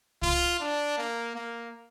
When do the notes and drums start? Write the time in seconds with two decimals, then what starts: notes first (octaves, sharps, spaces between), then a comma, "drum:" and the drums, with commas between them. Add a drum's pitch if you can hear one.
0.22 F4, drum: kick
0.60 D4
0.98 A#3
1.35 A#3